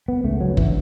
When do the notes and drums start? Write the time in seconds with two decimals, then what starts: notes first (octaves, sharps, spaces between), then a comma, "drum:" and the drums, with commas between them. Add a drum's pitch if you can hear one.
0.08 B3
0.24 C#2 C#3 A3
0.41 F#3
0.57 D3 E3, drum: kick